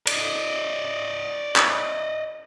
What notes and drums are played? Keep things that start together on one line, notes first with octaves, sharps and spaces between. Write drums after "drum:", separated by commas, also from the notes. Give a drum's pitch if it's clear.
D5 D#5, drum: cymbal
drum: clap